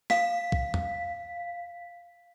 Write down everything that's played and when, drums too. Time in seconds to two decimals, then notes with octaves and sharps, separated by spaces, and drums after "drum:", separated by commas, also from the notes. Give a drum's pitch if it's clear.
0.10 F5 B6, drum: snare
0.52 drum: kick
0.74 drum: tom E2